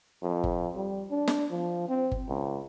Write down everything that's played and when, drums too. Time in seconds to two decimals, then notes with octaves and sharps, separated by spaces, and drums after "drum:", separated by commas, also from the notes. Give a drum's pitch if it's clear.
0.23 F2
0.44 drum: kick G1
0.75 G3
1.10 D4
1.28 drum: snare
1.51 F3
1.89 C4
2.11 drum: kick G1
2.28 C#2